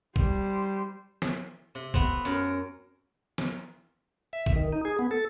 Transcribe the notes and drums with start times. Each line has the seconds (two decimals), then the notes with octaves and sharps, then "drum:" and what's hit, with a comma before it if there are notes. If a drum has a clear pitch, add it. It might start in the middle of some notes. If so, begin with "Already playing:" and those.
0.16 G3 C5, drum: kick
1.22 drum: snare
1.75 C3
1.94 B3 C4, drum: kick
2.25 F#2 A#4
3.38 drum: snare
4.33 E5
4.46 drum: kick
4.56 D#3
4.72 D#4
4.85 G#4
4.99 B3
5.11 A4